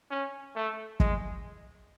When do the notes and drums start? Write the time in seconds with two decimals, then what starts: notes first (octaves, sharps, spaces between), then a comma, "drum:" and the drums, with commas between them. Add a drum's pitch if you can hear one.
0.11 C#4
0.56 A3
1.00 G#3, drum: kick